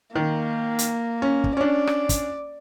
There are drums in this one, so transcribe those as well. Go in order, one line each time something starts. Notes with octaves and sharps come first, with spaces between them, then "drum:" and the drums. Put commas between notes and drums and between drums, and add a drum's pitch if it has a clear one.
D#3 A#3
drum: hi-hat
C#4
drum: kick
C#4 D4 D5
drum: rim click
drum: kick, hi-hat